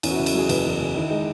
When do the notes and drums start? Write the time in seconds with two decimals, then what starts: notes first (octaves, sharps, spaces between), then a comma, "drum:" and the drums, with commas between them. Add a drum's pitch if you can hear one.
0.03 E2 C#4, drum: cymbal
0.10 F#4
0.15 E4
0.19 C#3
0.26 F#4, drum: cymbal
0.34 F#3 G#4
0.49 F#1 B4, drum: cymbal
0.64 E2
0.80 C#3
0.95 D#3 E4
1.09 G#3 D#4